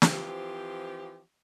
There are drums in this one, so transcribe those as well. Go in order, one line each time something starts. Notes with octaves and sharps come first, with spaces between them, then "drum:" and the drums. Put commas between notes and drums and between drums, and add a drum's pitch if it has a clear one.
E3 F3 C4 G4, drum: snare